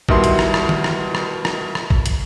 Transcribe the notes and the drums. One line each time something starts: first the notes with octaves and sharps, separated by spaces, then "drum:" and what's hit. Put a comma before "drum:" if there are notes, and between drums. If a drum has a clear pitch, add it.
B2 D#3 F#3 G3 E4 C6, drum: kick A1
drum: hi-hat
drum: rim click
drum: rim click
drum: tom D#3
drum: rim click
drum: rim click
drum: rim click
drum: rim click
drum: kick A1
drum: hi-hat